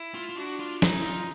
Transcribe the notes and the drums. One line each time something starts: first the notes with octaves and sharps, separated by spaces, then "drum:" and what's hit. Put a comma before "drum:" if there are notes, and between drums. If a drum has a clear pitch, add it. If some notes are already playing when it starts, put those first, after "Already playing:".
Already playing: E4
F4
F4
D4 F#4
F4
D#4 E4, drum: snare
E4
F4